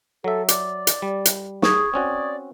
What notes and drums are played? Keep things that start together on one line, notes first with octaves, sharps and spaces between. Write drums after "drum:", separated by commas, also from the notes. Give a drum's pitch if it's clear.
F#3 A4 E5
D5 D6, drum: hi-hat
drum: hi-hat
G3
drum: hi-hat
G#4 C#6 D#6 G#6, drum: snare
C4 C#4 F#4 D5